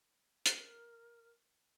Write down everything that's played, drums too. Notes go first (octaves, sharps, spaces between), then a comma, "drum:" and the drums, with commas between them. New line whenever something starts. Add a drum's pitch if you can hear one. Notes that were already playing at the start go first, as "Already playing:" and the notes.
A#4, drum: hi-hat